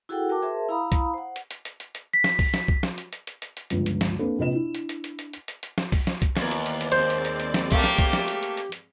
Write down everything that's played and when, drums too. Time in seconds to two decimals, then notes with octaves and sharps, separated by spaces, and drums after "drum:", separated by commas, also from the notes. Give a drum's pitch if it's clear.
0.09 E4 F#4 G#4 A4 F#5 G5
0.29 F#4 A#4 G5 A5 D6
0.42 G#4 A#4 C5 E5 A5 C6
0.69 E4 F5 A#5 B5 D#6
0.92 drum: kick, hi-hat
1.14 C5 F#5
1.36 drum: hi-hat
1.51 drum: hi-hat
1.65 drum: hi-hat
1.80 drum: hi-hat
1.95 drum: hi-hat
2.13 B6
2.24 drum: snare
2.39 drum: kick, open hi-hat
2.54 drum: snare
2.68 drum: kick
2.83 drum: snare
2.98 drum: hi-hat
3.13 drum: hi-hat
3.27 drum: hi-hat
3.42 drum: hi-hat
3.57 drum: hi-hat
3.70 G1 C#2 F3, drum: hi-hat
3.86 drum: hi-hat
4.01 drum: snare
4.19 A#3 C4 D4 A4 B4
4.38 A#1 C3 B4 D#5 E7
4.53 D4 E4
4.75 drum: hi-hat
4.89 drum: hi-hat
5.04 drum: hi-hat
5.19 drum: hi-hat
5.33 drum: hi-hat
5.48 drum: hi-hat
5.63 drum: hi-hat
5.78 drum: snare
5.92 drum: kick, open hi-hat
6.07 drum: snare
6.22 drum: kick, hi-hat
6.37 D#2 E3 B3 D5, drum: snare
6.51 drum: hi-hat
6.66 drum: hi-hat
6.81 drum: hi-hat
6.92 G#3 C4 C5 D5
7.10 drum: hi-hat
7.25 drum: hi-hat
7.40 drum: hi-hat
7.54 drum: snare
7.72 A3 A#3 G4, drum: kick
7.84 drum: snare
7.99 drum: kick, hi-hat
8.13 drum: snare
8.28 drum: hi-hat
8.43 drum: hi-hat
8.57 drum: hi-hat
8.72 drum: hi-hat